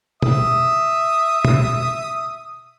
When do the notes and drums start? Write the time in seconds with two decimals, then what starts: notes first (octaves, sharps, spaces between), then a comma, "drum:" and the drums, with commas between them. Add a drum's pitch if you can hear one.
0.22 E5 D#6, drum: tom B2
1.45 drum: tom B2